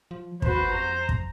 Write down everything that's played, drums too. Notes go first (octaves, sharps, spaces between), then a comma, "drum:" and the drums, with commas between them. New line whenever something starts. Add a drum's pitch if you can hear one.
F3
D#2 F#4 B4 C5, drum: kick
F2 A#5
drum: kick